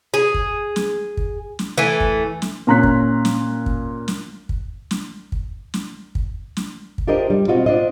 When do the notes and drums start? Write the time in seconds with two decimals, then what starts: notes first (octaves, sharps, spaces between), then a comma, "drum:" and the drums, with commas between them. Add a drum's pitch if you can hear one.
0.14 G#4
0.34 drum: kick
0.76 drum: snare
1.17 drum: kick
1.59 drum: snare
1.78 E3 A3 G#5
2.00 drum: kick
2.42 drum: snare
2.67 A#2 C#4 A#5 C6 F#6 B6
2.83 drum: kick
3.25 drum: snare
3.66 drum: kick
4.08 drum: snare
4.49 drum: kick
4.91 drum: snare
5.32 drum: kick
5.74 drum: snare
6.15 drum: kick
6.57 drum: snare
6.98 drum: kick
7.07 D4 F4 G4 A#4 C5 D#5
7.30 G3
7.48 B2 C4 F4 F#4 D#5
7.66 D4 F4 C5 D#5